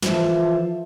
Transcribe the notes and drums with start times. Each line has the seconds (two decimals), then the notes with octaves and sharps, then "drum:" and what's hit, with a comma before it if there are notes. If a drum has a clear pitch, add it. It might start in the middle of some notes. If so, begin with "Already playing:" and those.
0.02 E3 F3 F4 A4 E5, drum: snare